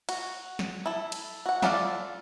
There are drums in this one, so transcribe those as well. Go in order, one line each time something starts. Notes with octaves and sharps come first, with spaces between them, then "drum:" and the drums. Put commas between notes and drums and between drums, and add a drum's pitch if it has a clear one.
F#4, drum: cymbal
drum: snare
E4 A4
drum: cymbal
F#4 F#5
E4 F4 A4 D5 F5, drum: snare